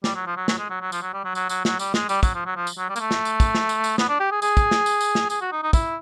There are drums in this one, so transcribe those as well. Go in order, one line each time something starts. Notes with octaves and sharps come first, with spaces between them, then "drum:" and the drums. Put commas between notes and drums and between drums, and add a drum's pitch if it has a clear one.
G3, drum: snare
F#3
F3
F#3
F#3, drum: snare
G#3
F#3
F#3
F3, drum: tambourine
F#3
G3
F#3
F#3, drum: tambourine
F#3, drum: tambourine
F#3, drum: snare
G3, drum: tambourine
G#3, drum: snare
G3, drum: tambourine
F#3, drum: kick, tambourine
F3
F#3
F3
drum: tambourine
F#3
G3
A#3, drum: tambourine
A3
drum: snare
drum: tambourine
drum: kick, tambourine
drum: snare
drum: tambourine
drum: tambourine
B3, drum: snare
D4
G4
G#4
G#4, drum: tambourine
drum: kick, tambourine
drum: snare
drum: tambourine
drum: tambourine
drum: snare
G#4, drum: tambourine
F#4
D#4
D#4
E4, drum: kick, tambourine